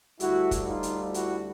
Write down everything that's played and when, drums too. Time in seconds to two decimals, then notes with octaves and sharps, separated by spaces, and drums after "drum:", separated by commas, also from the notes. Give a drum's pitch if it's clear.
0.20 D2 D3 G3 E4 F#4, drum: hi-hat
0.51 drum: kick, hi-hat
0.67 D#4 F4
0.83 drum: hi-hat
1.14 E4 F#4, drum: hi-hat